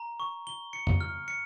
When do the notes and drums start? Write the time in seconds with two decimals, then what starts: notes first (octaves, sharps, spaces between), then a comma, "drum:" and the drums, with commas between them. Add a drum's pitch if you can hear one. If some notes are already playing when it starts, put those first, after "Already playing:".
Already playing: A#5
0.20 C#6
0.47 G7
0.73 C#7
0.87 drum: tom
1.01 F6
1.28 C#7